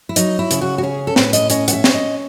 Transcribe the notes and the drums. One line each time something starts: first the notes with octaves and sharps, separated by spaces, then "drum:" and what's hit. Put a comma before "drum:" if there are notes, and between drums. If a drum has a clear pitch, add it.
E4
F#3 D#4, drum: hi-hat
E4
C#3, drum: hi-hat
F#4
F#4
C#4 G#4
A4
A2 B4, drum: snare
D#5, drum: hi-hat
C#4 D#5, drum: hi-hat
F#5, drum: hi-hat
E5
C#4, drum: snare
D#5